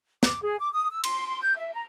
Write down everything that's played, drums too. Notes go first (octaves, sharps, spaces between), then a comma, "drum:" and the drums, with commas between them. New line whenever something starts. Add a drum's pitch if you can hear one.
D6, drum: snare
G#4
D6
D#6
E6
C6, drum: cymbal
C6
G6
E5
A#5